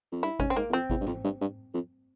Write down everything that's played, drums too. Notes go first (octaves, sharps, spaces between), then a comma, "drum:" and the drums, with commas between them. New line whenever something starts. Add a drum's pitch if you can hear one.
F2
G2 E4
G#2 C#4, drum: kick G#1
C4
G#2 A#3
E2
F2 C4
E2, drum: kick G#1
G2
F2, drum: tom
G2
G2
F2